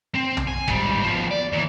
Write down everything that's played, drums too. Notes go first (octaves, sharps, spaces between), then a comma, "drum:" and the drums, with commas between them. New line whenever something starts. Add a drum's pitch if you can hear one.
C4
drum: tom
G#5
G#2 G3, drum: kick G1
F3 B3
D5
D#2 E3